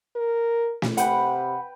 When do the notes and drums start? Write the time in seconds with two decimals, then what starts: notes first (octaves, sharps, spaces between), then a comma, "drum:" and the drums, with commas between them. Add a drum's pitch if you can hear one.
0.16 A#4
0.82 drum: snare
0.97 C3 B4 F#5 G5 B5, drum: hi-hat